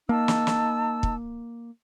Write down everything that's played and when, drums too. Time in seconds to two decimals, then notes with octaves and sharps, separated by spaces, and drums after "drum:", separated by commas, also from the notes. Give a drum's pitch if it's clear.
0.09 A#3 D#4 A5 E6
0.28 drum: snare
0.47 drum: snare
1.03 drum: kick